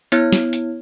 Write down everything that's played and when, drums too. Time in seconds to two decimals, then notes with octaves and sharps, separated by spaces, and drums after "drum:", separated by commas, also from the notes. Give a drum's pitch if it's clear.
0.12 B3 E4 C#5 F6 G#6, drum: hi-hat
0.32 drum: snare
0.53 drum: hi-hat